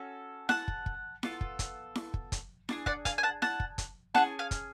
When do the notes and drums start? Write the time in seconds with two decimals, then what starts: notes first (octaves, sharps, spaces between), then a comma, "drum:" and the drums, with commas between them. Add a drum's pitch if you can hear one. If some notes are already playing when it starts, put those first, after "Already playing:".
Already playing: C#4 F#4 A4
0.49 F#5 A5, drum: snare E4
0.68 drum: kick
0.86 drum: kick
1.23 B3 F4 A4, drum: snare E4
1.41 drum: kick
1.59 drum: kick, hi-hat
1.95 drum: snare E4
2.14 drum: kick
2.32 drum: kick, hi-hat
2.69 D4 F4 G#4, drum: snare E4
2.86 D5 F#5, drum: kick
3.05 F5 G#5, drum: kick, hi-hat
3.18 G#5
3.23 F#5 A5
3.42 F#5 A5, drum: snare E4
3.60 drum: kick
3.78 drum: kick, hi-hat
4.15 C#4 G#4 F#5 A5, drum: snare E4
4.39 F5 G#5
4.51 drum: kick, hi-hat